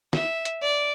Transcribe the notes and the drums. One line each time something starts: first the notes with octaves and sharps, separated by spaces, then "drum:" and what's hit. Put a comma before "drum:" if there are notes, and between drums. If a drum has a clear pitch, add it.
E5, drum: snare
drum: hi-hat
D5